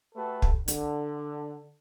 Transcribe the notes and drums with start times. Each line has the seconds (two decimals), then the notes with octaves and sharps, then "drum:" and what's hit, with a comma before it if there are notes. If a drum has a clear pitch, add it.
0.15 A3 F#4 G4 A4 B4
0.42 drum: kick
0.68 D3, drum: hi-hat